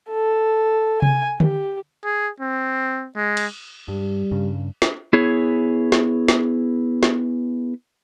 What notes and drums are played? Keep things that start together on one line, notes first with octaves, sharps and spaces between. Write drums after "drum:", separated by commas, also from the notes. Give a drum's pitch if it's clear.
A4
G#5, drum: tom C3
G4, drum: tom D3
G#4
C4
G#3
drum: cymbal
G2 G3
G2 C#3
drum: snare
B3 E4 G#4 C#5
drum: snare
drum: snare
drum: snare